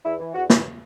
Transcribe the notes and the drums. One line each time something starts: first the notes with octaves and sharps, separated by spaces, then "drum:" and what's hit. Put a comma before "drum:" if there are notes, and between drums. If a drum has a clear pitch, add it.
E2 E4
E3
E2 F#4
E3, drum: snare